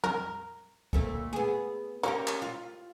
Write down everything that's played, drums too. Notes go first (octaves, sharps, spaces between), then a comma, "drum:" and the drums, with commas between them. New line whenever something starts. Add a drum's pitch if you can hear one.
A#4, drum: tom
D2 A3 A#3, drum: kick
B3 G#4
A#3 C#4 G4 A#4
drum: clap
F4